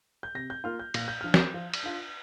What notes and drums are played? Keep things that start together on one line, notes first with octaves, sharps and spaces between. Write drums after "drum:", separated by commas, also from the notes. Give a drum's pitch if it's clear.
G6
C3 A#6
G6
A#3 F4 F6
G6
A#2 A#6, drum: cymbal
G6
F3 D4 F6
G6, drum: snare
F3
drum: cymbal
D4 F4